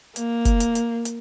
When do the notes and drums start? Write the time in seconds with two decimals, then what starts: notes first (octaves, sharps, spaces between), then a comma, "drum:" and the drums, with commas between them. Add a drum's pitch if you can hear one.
0.16 A#3, drum: hi-hat
0.45 drum: kick F#1, hi-hat
0.60 drum: hi-hat
0.75 drum: hi-hat
1.05 drum: hi-hat